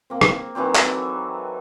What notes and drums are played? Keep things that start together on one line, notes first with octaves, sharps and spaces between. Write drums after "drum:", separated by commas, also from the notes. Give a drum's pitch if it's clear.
A#3 C4
drum: rim click
D#3 E3 F#3 C4
A4 G#5, drum: clap